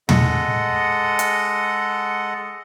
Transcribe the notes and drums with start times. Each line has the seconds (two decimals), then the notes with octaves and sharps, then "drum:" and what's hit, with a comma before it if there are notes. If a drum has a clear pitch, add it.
0.09 G#3 A4 D#5 F#5, drum: tom
1.19 drum: hi-hat